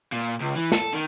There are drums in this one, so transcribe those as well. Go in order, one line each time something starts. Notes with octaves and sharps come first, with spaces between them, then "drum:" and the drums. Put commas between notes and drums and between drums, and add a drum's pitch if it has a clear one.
A#2
C#2
E3
A4, drum: snare
D#3